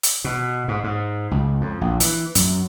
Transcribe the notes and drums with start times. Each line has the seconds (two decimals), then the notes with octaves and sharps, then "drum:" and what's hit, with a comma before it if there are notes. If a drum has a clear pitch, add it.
0.03 drum: hi-hat
0.24 B2
0.68 G#2
0.84 G#2
1.31 C#2
1.61 F2
1.81 A#1
2.00 E3, drum: hi-hat
2.35 F#2, drum: hi-hat